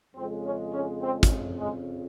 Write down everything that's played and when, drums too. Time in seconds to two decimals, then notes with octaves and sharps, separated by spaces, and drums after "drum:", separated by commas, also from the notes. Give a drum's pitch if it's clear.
0.15 F2 C#3 G#3 C4
0.44 C#4
0.73 C#4
1.01 C4
1.23 drum: kick, hi-hat
1.59 G#3